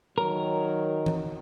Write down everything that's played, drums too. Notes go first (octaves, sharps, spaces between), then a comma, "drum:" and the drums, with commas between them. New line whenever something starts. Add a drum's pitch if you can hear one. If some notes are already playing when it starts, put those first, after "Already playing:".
D#3 F#3 A#4
drum: tom E3